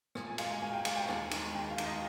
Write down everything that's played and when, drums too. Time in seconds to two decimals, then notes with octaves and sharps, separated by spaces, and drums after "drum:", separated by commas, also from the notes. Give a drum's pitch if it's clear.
0.15 A#2, drum: rim click
0.27 G#5
0.38 G#3 F5, drum: cymbal
0.50 G#5
0.62 A#2 G#5
0.73 G5
0.85 G#3 F5, drum: cymbal
0.97 G5
1.08 D#2 G#5, drum: rim click
1.31 D#3 G#3, drum: cymbal
1.55 D#2 G5
1.71 F5
1.78 D#3 G#3, drum: cymbal
1.86 D#5